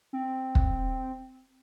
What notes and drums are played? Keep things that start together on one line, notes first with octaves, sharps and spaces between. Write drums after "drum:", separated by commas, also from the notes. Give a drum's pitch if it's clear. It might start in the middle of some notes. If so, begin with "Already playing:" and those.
C4
drum: kick